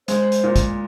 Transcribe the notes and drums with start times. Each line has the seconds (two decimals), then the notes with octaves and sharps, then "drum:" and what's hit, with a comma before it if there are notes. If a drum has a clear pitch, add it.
0.08 G#3 C5, drum: hi-hat
0.32 drum: hi-hat
0.44 A#2
0.56 drum: kick, hi-hat